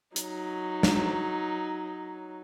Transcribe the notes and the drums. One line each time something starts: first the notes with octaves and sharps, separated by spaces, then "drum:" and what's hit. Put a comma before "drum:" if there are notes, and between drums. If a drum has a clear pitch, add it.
F#3 D#4, drum: hi-hat
drum: snare